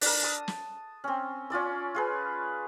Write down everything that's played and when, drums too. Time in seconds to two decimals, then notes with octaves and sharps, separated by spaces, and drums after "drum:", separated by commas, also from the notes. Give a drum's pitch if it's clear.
0.01 D4 A#4, drum: open hi-hat
0.23 A5 D#6
0.48 drum: snare
1.04 C4 C#4
1.50 C#4 F4 D5 E6
1.95 F4 G#4 B4